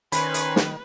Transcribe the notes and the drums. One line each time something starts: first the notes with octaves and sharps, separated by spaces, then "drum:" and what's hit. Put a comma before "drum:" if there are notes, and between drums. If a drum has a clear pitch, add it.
D#3 C#4 B4 C5 G#5 B5, drum: hi-hat
drum: hi-hat
drum: snare